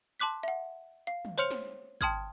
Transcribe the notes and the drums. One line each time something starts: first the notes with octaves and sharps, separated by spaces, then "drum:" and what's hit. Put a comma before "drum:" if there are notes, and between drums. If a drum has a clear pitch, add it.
A5 C6 D6 F#6 B6
E5 F#5
F5
drum: tom
C5 C#5 C6 F6 C#7 F7
drum: snare
G5 A5 C6 D#6 F6 G#6, drum: kick